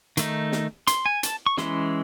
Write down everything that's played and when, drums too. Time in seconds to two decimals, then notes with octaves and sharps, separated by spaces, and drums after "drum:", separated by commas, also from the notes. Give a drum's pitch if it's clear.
0.17 D#3 A3 D#4, drum: hi-hat
0.52 drum: snare
0.87 C6, drum: hi-hat
1.06 G#5
1.23 A5, drum: hi-hat
1.46 C#6
1.57 E3 G#3 C#4 E4 C6, drum: snare